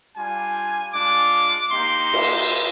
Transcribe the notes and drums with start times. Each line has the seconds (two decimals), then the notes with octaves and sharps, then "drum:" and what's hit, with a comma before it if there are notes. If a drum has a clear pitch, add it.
0.16 G3 D4 F4 G#5
0.93 G#3 D4 F4 D6
1.69 A#3 D#4 G4 C6
2.13 drum: cymbal